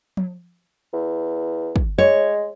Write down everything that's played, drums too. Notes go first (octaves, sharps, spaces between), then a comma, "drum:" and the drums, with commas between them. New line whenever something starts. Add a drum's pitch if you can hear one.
drum: tom F3
E2
drum: kick
G#3 C#5